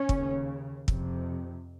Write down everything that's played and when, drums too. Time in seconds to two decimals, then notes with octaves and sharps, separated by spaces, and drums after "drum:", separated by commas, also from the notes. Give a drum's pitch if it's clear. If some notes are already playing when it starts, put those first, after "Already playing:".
Already playing: C#4
0.09 D#2 C#3, drum: kick
0.88 F2 C3, drum: kick